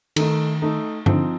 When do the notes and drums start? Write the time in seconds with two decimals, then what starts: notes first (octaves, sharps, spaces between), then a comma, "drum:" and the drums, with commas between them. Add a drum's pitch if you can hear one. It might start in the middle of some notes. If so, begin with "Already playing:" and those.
0.16 D#3 A3 D#4 A4, drum: cymbal
0.62 A3 D#4 A4
1.06 D3 F3 C4 D#4, drum: tom G2